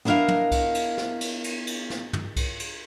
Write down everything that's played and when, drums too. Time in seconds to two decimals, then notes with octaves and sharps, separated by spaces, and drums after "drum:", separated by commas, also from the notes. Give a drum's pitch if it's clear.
0.05 B3 D4 E4 A#4 D#5 F5, drum: snare
0.28 drum: tom
0.51 drum: kick C2, cymbal
0.75 drum: cymbal
0.98 drum: snare
1.21 drum: cymbal
1.44 drum: cymbal
1.67 drum: cymbal
1.90 drum: snare
2.13 drum: tom
2.36 drum: kick C2, cymbal
2.60 drum: cymbal